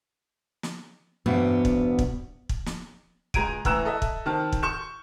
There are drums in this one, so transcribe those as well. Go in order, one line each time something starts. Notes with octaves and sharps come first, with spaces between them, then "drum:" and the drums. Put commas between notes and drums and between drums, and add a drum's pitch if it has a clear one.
drum: snare
E2 G2 B2 B3 C4 G4
drum: kick
drum: kick
drum: kick
drum: snare
C#2 G#3 A#5 G#6 D7 D#7, drum: kick
A2 E3 A#5 E6 F#6 E7, drum: kick
A4 D#5 E5
drum: kick
D#3 C4 A5 F6
drum: kick
C#6 G6 E7